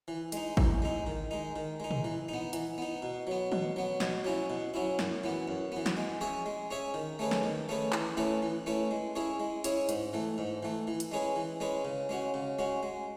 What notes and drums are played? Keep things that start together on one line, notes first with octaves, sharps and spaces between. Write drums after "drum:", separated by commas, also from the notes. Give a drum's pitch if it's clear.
E3
G#3 D#4, drum: hi-hat
E3, drum: kick G#1
G#3 D#4
D#3
G#3 D#4
D#3
G#3 D#4
drum: tom
E3
B3 D#4
E3, drum: hi-hat
B3 D#4
B2
F#3 B3
B2, drum: tom
F#3 B3
B2, drum: snare
F#3 C#4 E4
B2
F#3 C#4 E4
F#2, drum: snare
E3 B3
F#2
E3 B3
drum: snare
G#3
C#4 G#4 C#5 E5
G#3
C#4 G#4 C#5 E5
D#3
A3 C#4 G#4 B4
drum: snare
D#3
A3 C#4 G#4 B4
E3, drum: clap
A3 C#4 E4 B4
E3
A3 C#4 E4 B4
G#3
C#4 E4 G#4 C#5
G#3
C#4 E4 G#4 C#5, drum: hi-hat
G#2, drum: hi-hat
E3 A3
G#2
E3 A3
E3
drum: hi-hat
G#3 C#4 G#4 B4
E3
G#3 C#4 G#4 B4
C#3
G#3 C#4 F#4
C#3
G#3 C#4 F#4
G#3